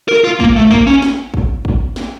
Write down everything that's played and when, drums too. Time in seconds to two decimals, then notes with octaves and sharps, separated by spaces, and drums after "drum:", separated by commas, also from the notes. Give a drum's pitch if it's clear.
0.08 A#4
0.24 F4
0.40 A#3, drum: kick
0.56 A3
0.71 A#3, drum: kick
0.87 C#4
1.02 drum: snare
1.34 drum: kick
1.65 drum: kick
1.96 drum: snare